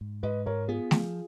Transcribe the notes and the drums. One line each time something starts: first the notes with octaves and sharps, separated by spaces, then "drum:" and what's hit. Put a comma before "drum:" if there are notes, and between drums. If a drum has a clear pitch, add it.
G#2
G#2 B4 D#5
G#2 A#4 C#5
B3 F4 G#4
F3, drum: snare A3